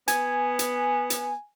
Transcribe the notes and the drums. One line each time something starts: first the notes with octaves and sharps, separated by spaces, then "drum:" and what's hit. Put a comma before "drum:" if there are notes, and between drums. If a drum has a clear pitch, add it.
B3 G#5, drum: hi-hat
drum: hi-hat
drum: hi-hat